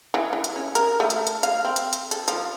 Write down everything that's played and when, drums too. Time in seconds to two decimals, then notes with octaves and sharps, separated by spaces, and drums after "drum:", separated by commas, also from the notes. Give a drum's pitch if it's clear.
0.14 E3
0.33 E3
0.44 drum: hi-hat
0.56 C#4
0.75 A#4, drum: hi-hat
1.00 A3
1.10 drum: hi-hat
1.27 drum: hi-hat
1.43 F5, drum: hi-hat
1.65 C4
1.76 drum: hi-hat
1.93 drum: hi-hat
2.11 A4, drum: hi-hat
2.28 F3, drum: hi-hat